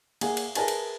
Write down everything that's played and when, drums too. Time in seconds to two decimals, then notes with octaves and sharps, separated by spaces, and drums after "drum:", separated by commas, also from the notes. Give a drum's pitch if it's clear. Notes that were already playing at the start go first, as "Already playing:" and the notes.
0.21 A#3 G#4 F#5 G#5, drum: cymbal
0.37 drum: cymbal
0.55 G#4 A#4 B4 G#5 A5, drum: cymbal
0.68 drum: cymbal